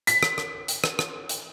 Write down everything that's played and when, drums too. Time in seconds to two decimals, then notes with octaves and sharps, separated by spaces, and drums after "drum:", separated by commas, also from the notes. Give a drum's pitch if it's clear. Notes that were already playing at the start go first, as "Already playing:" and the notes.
0.07 B6, drum: hi-hat
0.23 drum: rim click
0.38 drum: rim click
0.68 drum: hi-hat
0.84 drum: rim click
0.99 drum: rim click
1.29 drum: hi-hat